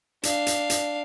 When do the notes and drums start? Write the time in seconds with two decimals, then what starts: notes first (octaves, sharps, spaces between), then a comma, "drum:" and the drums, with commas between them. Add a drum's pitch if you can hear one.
0.23 D4 F5, drum: hi-hat
0.47 drum: hi-hat
0.70 drum: hi-hat